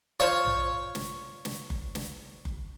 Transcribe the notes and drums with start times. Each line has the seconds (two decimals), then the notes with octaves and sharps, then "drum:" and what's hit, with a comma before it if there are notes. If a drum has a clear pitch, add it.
0.20 F3 C5 C#5 F5
0.45 drum: tom A#1
0.95 drum: snare
1.45 drum: snare
1.70 drum: kick F#1
1.95 drum: snare
2.45 drum: kick F#1